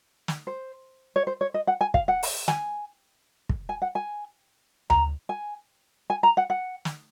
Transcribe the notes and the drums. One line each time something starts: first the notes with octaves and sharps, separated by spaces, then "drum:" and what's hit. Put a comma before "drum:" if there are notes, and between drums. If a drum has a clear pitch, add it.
drum: snare
C5
C#5
C5
C#5
D#5
F#5
G#5
F5, drum: kick
F#5
drum: open hi-hat
G#5, drum: snare
drum: kick
G#5
F#5
G#5
A#5, drum: tom D2
G#5
G#5
A#5
F#5
F#5
drum: snare